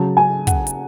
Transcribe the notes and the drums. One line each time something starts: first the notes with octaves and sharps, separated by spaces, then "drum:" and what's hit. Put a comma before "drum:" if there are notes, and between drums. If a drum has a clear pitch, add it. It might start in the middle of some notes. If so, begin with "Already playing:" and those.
Already playing: C#3 F#3 A5
G#5
F#5, drum: kick, hi-hat
drum: hi-hat